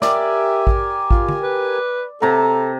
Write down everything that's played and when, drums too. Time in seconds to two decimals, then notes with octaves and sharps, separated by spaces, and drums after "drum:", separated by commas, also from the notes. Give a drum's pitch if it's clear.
0.02 G4 A#4 D5 E5 G#5, drum: snare
0.67 drum: kick A1
1.11 F4, drum: kick A1
1.29 drum: tom
1.43 B4
2.22 C3 A4 A#5